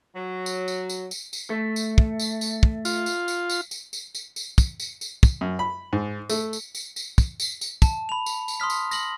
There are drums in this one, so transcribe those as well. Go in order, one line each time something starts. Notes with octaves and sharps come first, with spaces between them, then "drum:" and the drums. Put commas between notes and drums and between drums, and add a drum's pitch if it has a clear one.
F#3
drum: tambourine
drum: tambourine
drum: tambourine
drum: tambourine
drum: tambourine
A3
drum: tambourine
drum: kick
drum: tambourine
drum: tambourine
drum: kick
F4, drum: tambourine
drum: tambourine
drum: tambourine
drum: tambourine
drum: tambourine
drum: tambourine
drum: tambourine
drum: tambourine
drum: kick, tambourine
drum: tambourine
drum: tambourine
drum: kick, tambourine
F#2
B5
G#2
A3, drum: tambourine
drum: tambourine
drum: tambourine
drum: tambourine
drum: kick, tambourine
drum: tambourine
drum: tambourine
A5, drum: kick, tambourine
B5 F7
drum: tambourine
drum: tambourine
C6 D#6 F6 B6
drum: tambourine
A#6 F#7, drum: tambourine